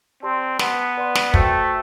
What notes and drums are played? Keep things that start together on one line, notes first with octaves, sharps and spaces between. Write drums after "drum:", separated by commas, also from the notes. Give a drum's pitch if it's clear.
C4 G4 D5 A5 C6
B3 B4 F#5 A5 C6, drum: snare
B4 D5 F#5 C6
drum: snare
A3 F#4 C5 G5, drum: kick